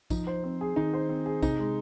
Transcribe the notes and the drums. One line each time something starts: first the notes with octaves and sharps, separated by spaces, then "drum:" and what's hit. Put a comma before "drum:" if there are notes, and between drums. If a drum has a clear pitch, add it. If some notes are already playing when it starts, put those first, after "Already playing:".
F3 D#4, drum: kick A#1, tambourine
C5
C4
G#4
D#3 D#4
C5
C4
G#4
C3 D#4, drum: kick A#1, tambourine
G#3